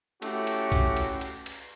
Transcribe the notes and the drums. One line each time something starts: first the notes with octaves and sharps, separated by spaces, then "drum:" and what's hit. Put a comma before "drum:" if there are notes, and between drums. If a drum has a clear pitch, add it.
A3 C#4 E4 F#4 G4, drum: cymbal
drum: cymbal
drum: kick B1, cymbal
drum: cymbal
drum: cymbal
drum: cymbal